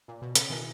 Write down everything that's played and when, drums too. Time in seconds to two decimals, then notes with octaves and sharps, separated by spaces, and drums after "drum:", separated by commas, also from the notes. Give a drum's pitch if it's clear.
0.08 A#2
0.22 B2
0.35 C#3, drum: hi-hat
0.49 B2 D#3 E4 A#4 E5 G#5